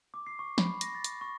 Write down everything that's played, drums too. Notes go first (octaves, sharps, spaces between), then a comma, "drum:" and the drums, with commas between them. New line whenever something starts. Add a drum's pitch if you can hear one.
D6
C7
C#6
B5, drum: snare
A#6, drum: hi-hat
A6
drum: hi-hat
C#6